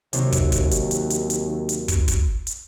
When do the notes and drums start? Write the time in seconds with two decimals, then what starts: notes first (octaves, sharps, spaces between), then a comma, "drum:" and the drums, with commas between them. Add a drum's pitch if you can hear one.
0.13 D#2 C3 F#3, drum: hi-hat
0.32 drum: kick, hi-hat
0.52 drum: kick, hi-hat
0.71 drum: hi-hat
0.91 drum: hi-hat
1.10 drum: hi-hat
1.30 drum: hi-hat
1.69 drum: hi-hat
1.88 drum: kick, hi-hat
2.08 drum: kick, hi-hat
2.47 drum: hi-hat